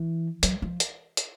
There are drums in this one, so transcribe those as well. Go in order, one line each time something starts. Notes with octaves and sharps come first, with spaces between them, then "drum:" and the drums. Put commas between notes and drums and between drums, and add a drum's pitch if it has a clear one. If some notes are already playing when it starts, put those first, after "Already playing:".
Already playing: E3
F#3, drum: hi-hat
F3
drum: hi-hat
drum: hi-hat